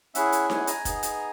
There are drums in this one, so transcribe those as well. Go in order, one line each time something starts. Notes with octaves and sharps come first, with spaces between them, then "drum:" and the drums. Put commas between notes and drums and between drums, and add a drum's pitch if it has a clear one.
C#4 E4 G#4 E5 F#5, drum: hi-hat
drum: hi-hat
F#5 G#5, drum: snare D#4
G#5 A#5, drum: hi-hat
B3 D#4 G#4, drum: kick, hi-hat
drum: hi-hat